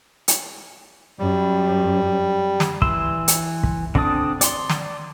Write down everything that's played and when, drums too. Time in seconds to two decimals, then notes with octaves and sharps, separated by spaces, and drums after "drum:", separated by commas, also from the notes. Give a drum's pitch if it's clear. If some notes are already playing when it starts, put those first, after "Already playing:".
0.28 drum: hi-hat
1.19 F#2 G3
2.60 drum: snare
2.82 E3 C6 E6, drum: kick
3.28 drum: hi-hat
3.63 drum: kick
3.95 D3 C4 D4 A5 D#6, drum: kick
4.41 D5 C6, drum: hi-hat
4.70 drum: snare